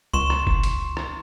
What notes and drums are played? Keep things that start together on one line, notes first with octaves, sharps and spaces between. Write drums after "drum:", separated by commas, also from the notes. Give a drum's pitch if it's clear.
C#2 C6 C#6 E7
drum: rim click
drum: kick
drum: hi-hat
drum: rim click